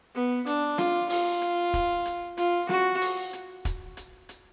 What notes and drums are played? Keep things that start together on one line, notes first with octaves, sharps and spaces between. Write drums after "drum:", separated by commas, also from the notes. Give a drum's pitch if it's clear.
B3
D4, drum: hi-hat
F4, drum: snare
F4, drum: open hi-hat
drum: hi-hat
drum: kick E1, hi-hat
drum: hi-hat
F4, drum: hi-hat
F#4, drum: snare
drum: open hi-hat
drum: hi-hat
drum: kick E1, hi-hat
drum: hi-hat
drum: hi-hat